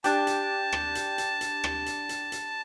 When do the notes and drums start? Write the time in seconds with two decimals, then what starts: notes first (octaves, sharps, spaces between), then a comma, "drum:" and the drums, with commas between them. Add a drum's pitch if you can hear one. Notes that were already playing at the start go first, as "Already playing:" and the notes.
0.04 D4 G4 A5, drum: hi-hat
0.27 drum: hi-hat
0.72 drum: rim click
0.95 drum: hi-hat
1.18 drum: hi-hat
1.41 drum: hi-hat
1.64 drum: rim click
1.86 drum: hi-hat
2.09 drum: hi-hat
2.32 drum: hi-hat